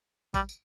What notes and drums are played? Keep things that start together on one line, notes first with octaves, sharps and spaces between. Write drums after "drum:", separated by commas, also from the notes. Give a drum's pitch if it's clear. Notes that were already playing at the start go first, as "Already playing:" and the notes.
G3, drum: kick, tambourine
drum: tambourine